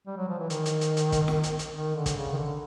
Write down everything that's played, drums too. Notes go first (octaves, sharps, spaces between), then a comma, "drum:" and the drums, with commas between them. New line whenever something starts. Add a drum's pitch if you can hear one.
G3
F#3
F3
E3
D#3, drum: hi-hat
drum: hi-hat
drum: hi-hat
drum: hi-hat
drum: kick, hi-hat
drum: snare
drum: hi-hat
drum: hi-hat
D#3
D3
drum: kick, hi-hat
C#3
D#3
D3